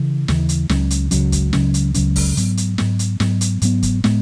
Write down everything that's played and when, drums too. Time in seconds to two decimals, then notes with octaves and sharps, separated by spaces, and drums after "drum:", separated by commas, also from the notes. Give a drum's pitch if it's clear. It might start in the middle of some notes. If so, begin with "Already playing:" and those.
Already playing: C#3 E3
0.28 D#2 C#3 E3, drum: snare
0.49 drum: hi-hat
0.69 C#2 C#3 F#3 C#4, drum: snare
0.91 drum: hi-hat
1.11 C#2 C#3 F#3 C#4, drum: hi-hat
1.32 drum: kick, hi-hat
1.53 C#2 C#3 F#3 C#4, drum: snare
1.74 drum: hi-hat
1.94 C#2 C#3 F#3 C#4, drum: hi-hat
2.16 drum: kick, open hi-hat
2.37 G#2 F#3 B3, drum: hi-hat
2.57 drum: hi-hat
2.78 G#2 F#3 B3, drum: snare
2.99 drum: hi-hat
3.20 G#2 F#3 B3, drum: snare
3.41 drum: hi-hat
3.62 G#2 F#3 B3, drum: hi-hat
3.83 drum: kick, hi-hat
4.04 A2 G#3 B3, drum: snare